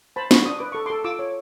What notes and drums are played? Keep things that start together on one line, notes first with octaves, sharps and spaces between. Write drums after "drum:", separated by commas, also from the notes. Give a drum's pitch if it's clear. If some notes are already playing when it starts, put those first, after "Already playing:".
C5 A5 B5
C5 B5 C#6, drum: snare
D4 D#6
B4 D6
A4 C#6
A4 C6 D6
F4 D6 E6
C#5